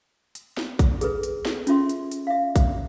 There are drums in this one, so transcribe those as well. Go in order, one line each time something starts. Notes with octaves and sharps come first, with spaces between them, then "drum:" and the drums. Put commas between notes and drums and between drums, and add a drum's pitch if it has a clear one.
drum: hi-hat
drum: snare
drum: kick A1, hi-hat
G#4 A4 B4, drum: hi-hat
drum: hi-hat
drum: snare
C#4 F4 E5 C6, drum: hi-hat
drum: hi-hat
drum: hi-hat
E5 F5
drum: kick A1, hi-hat